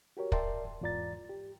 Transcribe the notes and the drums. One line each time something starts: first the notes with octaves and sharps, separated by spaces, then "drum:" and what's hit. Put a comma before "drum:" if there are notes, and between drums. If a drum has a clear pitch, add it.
F#4 G4 A#4 C#5
A#4 D5 E5 G5 A5 C6, drum: kick
E2 G#2 F4 D5 A#5 A6
G4